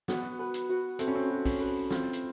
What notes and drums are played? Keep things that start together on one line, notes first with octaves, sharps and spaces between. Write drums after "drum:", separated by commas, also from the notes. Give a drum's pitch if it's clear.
B3 F#4, drum: snare
B4
drum: hi-hat
F#4
A3 C4, drum: hi-hat
C#4
C4
F#4
C#4, drum: kick, open hi-hat
B4
C4 F4, drum: snare
drum: hi-hat